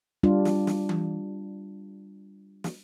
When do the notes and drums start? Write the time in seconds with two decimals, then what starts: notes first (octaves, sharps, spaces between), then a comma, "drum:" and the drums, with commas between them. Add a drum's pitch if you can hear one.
0.23 G3 D4 F4
0.45 drum: snare
0.67 drum: snare
0.89 drum: tom E3
2.64 drum: snare